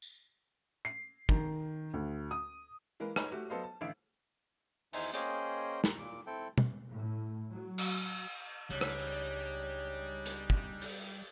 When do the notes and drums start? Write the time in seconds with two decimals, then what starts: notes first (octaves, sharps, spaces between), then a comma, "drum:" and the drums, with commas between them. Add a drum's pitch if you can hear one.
0.02 drum: tambourine
0.85 C7
1.29 D#3, drum: kick
1.94 D2
2.31 D#6
3.00 E3 G#3 A#3 A#4 B4
3.16 D#4 B4 C#5 G#5 A#5 B5, drum: rim click
3.32 A3 F#4 G4
3.50 F#3 B3 A4 C5 D#5 F5
3.64 A5
3.81 A1 D3 E5 F5 E6 D7
4.93 E2 D#3 D#4 C5 E5 G#5, drum: open hi-hat
5.14 A#3 C#4 G#4 C5 D#5 G5, drum: hi-hat
5.84 A#5, drum: snare
5.99 A#2 D6
6.27 C4 E4 A4 G5
6.58 drum: tom
6.91 A2
7.51 F#3
7.78 drum: cymbal
8.70 C#2 G3 D4 D#4 G#4 C#5
8.81 drum: rim click
10.26 drum: hi-hat
10.50 drum: kick
10.81 drum: open hi-hat